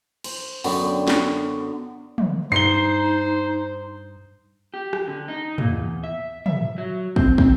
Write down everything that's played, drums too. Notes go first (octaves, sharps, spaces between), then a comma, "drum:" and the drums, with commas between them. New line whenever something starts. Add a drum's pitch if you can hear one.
C5, drum: cymbal
F#2 D3 B3 G5, drum: open hi-hat
drum: snare
drum: tom
G2 D#4 C5 C7 G7
G4
drum: rim click
D3
D#4
A#2, drum: tom
E2
E5
E5, drum: tom
F#3
C4, drum: kick
C4, drum: kick